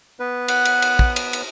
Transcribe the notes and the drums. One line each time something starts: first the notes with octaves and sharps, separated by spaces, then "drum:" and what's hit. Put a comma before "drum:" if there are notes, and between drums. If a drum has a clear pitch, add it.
B3 B4
F#5, drum: cymbal
drum: cymbal
drum: cymbal
drum: kick
drum: cymbal
drum: cymbal